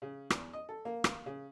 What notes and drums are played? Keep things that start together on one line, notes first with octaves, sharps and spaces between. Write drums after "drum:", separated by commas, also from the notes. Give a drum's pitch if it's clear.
C#3
E2, drum: rim click
D#5
A4
A#3
drum: rim click
C#3